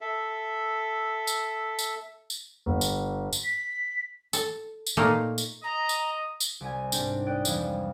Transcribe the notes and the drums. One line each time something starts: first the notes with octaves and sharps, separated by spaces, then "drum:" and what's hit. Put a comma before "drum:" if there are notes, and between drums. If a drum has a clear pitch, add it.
A4 E5
drum: tambourine
drum: tambourine
drum: tambourine
G1
drum: tambourine
drum: tambourine
B6
A4, drum: tambourine
drum: tambourine
A#2 A3 A#3 D#4
drum: tambourine
D#5 A#5
drum: tambourine
drum: tambourine
C2 G#5
G#2 C4 D4 G4, drum: tambourine
D5 G5 D#6 F#6
F2 E3 F3 G3 G#3, drum: tambourine